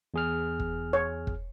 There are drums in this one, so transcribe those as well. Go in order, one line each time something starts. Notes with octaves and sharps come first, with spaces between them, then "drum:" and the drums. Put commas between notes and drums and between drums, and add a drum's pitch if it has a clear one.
E2 G#4 F6
drum: kick
C#5
drum: kick